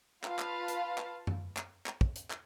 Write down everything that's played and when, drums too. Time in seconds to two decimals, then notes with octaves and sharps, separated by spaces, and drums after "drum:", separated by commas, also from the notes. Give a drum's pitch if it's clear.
0.24 F4 B4 F5 A5, drum: clap
0.39 drum: clap
0.68 drum: hi-hat
0.98 drum: clap
1.27 drum: tom F#2
1.57 drum: clap
1.86 drum: clap
2.01 drum: kick
2.16 drum: hi-hat
2.30 drum: clap